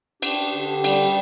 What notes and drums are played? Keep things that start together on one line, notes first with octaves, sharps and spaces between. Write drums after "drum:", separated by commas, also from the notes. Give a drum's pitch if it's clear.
D4 G4, drum: cymbal
D3
G3, drum: cymbal